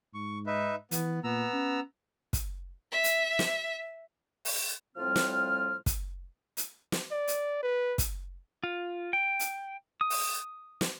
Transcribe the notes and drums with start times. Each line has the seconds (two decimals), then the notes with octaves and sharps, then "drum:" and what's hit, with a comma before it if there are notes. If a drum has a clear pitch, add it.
0.14 G#2 C#6
0.47 D#4 B4 E5
0.91 E3 B3, drum: hi-hat
1.24 A#2 B3 A#5 E6
1.53 C#4
2.33 drum: kick, hi-hat
2.92 E5
3.04 drum: hi-hat
3.39 drum: snare
4.45 drum: open hi-hat
4.96 A2 F3 G3 C4 F4 F6
5.16 drum: snare
5.86 drum: kick, hi-hat
6.57 drum: hi-hat
6.92 drum: snare
7.11 D5
7.28 drum: hi-hat
7.63 B4
7.98 drum: kick, hi-hat
8.64 F4
9.13 G5
9.40 drum: hi-hat
10.01 D#6
10.10 drum: open hi-hat
10.81 drum: snare